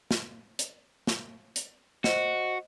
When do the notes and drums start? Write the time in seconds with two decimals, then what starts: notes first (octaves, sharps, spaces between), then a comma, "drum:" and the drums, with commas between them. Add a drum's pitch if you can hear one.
0.11 drum: snare
0.59 drum: hi-hat
1.07 drum: snare
1.56 drum: hi-hat
2.04 F#4 C5 D#5, drum: snare